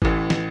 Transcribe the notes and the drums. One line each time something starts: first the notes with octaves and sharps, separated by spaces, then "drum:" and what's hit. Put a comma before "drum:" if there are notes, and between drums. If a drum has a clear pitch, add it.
A1 A2 E3, drum: kick G#1
drum: snare